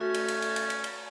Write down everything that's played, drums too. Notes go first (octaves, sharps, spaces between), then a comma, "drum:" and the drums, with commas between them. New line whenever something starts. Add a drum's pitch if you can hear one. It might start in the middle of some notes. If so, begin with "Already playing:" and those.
A3 C#4 F#4
drum: cymbal
drum: cymbal
drum: cymbal
drum: cymbal
drum: cymbal
drum: cymbal